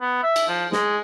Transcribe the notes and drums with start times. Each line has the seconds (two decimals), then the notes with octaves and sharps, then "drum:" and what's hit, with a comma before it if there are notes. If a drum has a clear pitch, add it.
0.01 B3
0.23 E5
0.36 drum: cymbal
0.48 F3
0.72 G#3, drum: snare